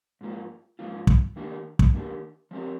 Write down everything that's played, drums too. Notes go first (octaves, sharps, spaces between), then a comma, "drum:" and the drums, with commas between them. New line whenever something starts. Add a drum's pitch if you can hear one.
G#2 F3 A#3 F4
G#2 F3 A#3 F4
drum: kick
D#3 A#3 D4 G4 A#4
drum: kick
D#3 A#3 D4 G4 A#4
F3 C4 G4 A#4